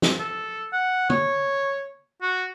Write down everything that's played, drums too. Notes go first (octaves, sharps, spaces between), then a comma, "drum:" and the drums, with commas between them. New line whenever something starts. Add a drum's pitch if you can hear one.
drum: snare
A4
F#5
C#5, drum: tom
F#4